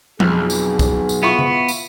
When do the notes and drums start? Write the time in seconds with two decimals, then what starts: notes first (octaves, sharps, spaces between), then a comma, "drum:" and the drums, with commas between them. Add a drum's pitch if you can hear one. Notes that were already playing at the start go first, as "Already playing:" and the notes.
0.20 B1 F2 G#4, drum: tom F3
0.50 drum: tambourine
0.79 drum: kick, tambourine
1.09 drum: tambourine
1.23 B3 E4 F4 C#6
1.39 drum: tom C#3
1.68 drum: tambourine